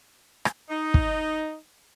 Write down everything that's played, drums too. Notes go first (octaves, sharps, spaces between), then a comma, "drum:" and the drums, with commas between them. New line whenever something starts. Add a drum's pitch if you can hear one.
drum: rim click
D#4
drum: kick